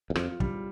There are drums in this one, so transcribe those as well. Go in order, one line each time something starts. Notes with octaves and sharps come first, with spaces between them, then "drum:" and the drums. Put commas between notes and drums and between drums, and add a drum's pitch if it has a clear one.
E2
F2 F4, drum: rim click
G3, drum: kick